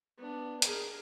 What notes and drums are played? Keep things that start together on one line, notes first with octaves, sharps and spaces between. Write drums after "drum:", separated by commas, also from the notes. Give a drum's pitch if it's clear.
B3 D4
G#4 A#4, drum: hi-hat